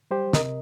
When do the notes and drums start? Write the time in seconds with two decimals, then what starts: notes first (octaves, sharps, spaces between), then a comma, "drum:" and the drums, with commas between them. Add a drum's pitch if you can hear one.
0.11 G3 G4 C5
0.33 C3 A#4 D#5, drum: snare